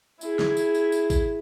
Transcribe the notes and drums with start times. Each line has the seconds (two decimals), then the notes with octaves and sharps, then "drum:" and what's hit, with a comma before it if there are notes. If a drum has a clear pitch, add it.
0.21 E4 G#4, drum: tambourine
0.39 drum: snare
0.57 drum: tambourine
0.74 drum: tambourine
0.92 drum: tambourine
1.10 drum: kick G#1, tambourine